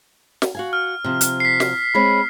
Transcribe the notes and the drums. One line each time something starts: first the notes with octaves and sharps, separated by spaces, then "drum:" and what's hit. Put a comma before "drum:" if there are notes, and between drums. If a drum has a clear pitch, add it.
drum: snare
F#4 F5 G#5
F6
C3 F3
drum: hi-hat
B6 C7
drum: snare
G#3 C4 C#5 B5